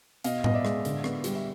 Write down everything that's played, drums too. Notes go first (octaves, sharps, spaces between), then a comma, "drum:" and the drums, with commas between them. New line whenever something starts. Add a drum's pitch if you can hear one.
B2 D#5 F5, drum: hi-hat
B3 D#5, drum: tom A2
D5 E5
G#3, drum: rim click
D3, drum: hi-hat
B3, drum: rim click
G3, drum: hi-hat
E5